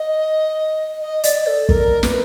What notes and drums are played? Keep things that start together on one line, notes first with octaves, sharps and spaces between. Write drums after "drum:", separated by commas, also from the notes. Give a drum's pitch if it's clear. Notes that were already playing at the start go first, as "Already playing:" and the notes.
Already playing: D#5
D#5
D5, drum: hi-hat
A4
A#4, drum: kick
B4, drum: snare